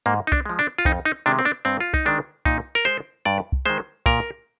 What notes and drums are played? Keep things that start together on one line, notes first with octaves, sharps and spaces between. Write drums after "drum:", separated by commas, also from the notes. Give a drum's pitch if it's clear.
G#2 A#3
D#4
D4, drum: kick
F3 G#3
D4
F4
F2 D#4, drum: kick
D#4
C3 D#3 G#3 D4
C4
D4
G2 C4
F4
D#4, drum: kick
D#3 G#3 D4
A#2 D#4, drum: kick
A#4
G#3 C5
G2 D5
drum: kick
D#3 G#3 C5
A#2 A#4, drum: kick